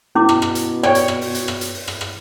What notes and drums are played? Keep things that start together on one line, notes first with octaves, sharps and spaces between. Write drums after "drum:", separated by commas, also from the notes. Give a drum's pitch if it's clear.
B2 C#4 E4 D6
drum: rim click
drum: rim click
drum: hi-hat
C#5 D5 G5, drum: rim click
drum: hi-hat
drum: rim click
drum: open hi-hat
drum: hi-hat
drum: rim click
drum: hi-hat
drum: open hi-hat
drum: rim click
drum: rim click